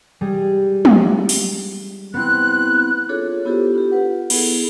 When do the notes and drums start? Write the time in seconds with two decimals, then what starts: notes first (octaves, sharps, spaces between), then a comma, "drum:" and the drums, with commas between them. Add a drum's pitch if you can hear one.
0.21 G3 G#3 G#4
0.85 drum: tom
1.29 drum: open hi-hat
2.14 B3 C4 E4 F#6
3.09 D4 F4 G#4 A4 C#5
3.45 B3 E4 F4 G4 A4 C5
3.74 D4 F4 G4
3.92 B4 F#5
4.30 B3 E4 G#4 A4, drum: cymbal